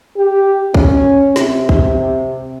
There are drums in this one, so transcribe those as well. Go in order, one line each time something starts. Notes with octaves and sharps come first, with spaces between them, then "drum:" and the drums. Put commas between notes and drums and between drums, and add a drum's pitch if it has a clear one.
G4
C#4, drum: kick
C3, drum: snare
drum: kick